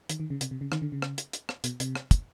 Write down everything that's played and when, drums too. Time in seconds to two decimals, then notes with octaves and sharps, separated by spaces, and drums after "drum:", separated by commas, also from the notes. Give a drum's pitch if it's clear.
0.09 D#3, drum: hi-hat
0.20 D#3
0.30 C#3
0.41 C3, drum: hi-hat
0.51 C3
0.61 C#3
0.72 D#3, drum: rim click
0.82 D3
0.92 C#3
1.02 drum: rim click
1.18 drum: hi-hat
1.33 drum: hi-hat
1.49 drum: rim click
1.64 B2, drum: hi-hat
1.80 C3, drum: hi-hat
1.95 drum: rim click
2.11 drum: kick, hi-hat